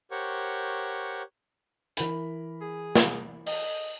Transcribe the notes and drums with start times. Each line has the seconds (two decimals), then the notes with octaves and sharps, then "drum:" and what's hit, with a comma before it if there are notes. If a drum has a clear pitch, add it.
0.11 G4 A#4 C5 C#5 F#5 C#6
1.97 E3 A#4 B5, drum: hi-hat
2.61 G#4
2.95 drum: snare
3.47 D#5, drum: open hi-hat